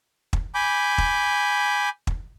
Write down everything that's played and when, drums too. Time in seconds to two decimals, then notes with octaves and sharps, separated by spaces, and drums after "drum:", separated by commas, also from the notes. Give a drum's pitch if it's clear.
0.33 drum: kick
0.55 G#5 B5 D6 G6
0.98 drum: kick
2.07 drum: kick